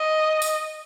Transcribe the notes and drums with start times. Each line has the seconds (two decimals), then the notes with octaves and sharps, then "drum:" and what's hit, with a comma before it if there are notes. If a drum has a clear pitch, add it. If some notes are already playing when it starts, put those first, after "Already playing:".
Already playing: D#5
0.42 drum: tambourine